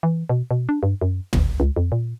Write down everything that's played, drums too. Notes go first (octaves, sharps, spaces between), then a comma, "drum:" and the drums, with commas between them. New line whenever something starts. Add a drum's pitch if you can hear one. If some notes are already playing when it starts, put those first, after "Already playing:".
E3
B2
B2
D4
G2
F#2
G1, drum: tom
C#2
F2
A#2